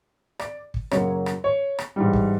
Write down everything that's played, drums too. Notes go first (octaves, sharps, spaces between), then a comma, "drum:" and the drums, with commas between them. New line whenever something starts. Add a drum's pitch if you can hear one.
D5, drum: rim click
drum: kick
F#2 C#3 F#3 A#3 C#5, drum: rim click
drum: rim click
C#5
drum: rim click
G#2 E3 G3
drum: kick